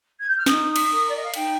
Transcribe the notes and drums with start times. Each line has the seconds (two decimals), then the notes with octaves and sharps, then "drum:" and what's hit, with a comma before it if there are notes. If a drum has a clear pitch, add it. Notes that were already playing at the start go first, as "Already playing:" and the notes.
0.20 G#6
0.29 G6
0.37 F6
0.46 D#4 D#6, drum: snare
0.76 drum: cymbal
0.91 A#4
1.08 D5
1.17 D#5
1.25 F5
1.34 D#4 G5, drum: cymbal